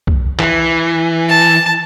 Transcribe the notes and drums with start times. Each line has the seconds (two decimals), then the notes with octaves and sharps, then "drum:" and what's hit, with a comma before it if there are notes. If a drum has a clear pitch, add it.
0.07 drum: kick B1
0.39 E3, drum: clap
1.29 A5